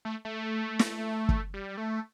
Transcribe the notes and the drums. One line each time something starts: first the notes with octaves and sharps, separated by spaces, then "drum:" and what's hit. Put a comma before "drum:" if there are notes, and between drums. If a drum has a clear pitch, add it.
A3
A3
drum: snare
drum: kick
G3
A3